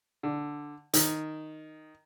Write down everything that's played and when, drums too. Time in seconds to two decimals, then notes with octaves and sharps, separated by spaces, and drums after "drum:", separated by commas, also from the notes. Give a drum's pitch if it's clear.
0.23 D3
0.94 D#3, drum: hi-hat